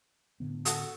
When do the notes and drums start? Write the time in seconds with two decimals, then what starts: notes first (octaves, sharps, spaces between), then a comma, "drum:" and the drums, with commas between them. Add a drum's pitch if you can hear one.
0.40 A2 D3 B3
0.65 F#4 A4 D#6, drum: hi-hat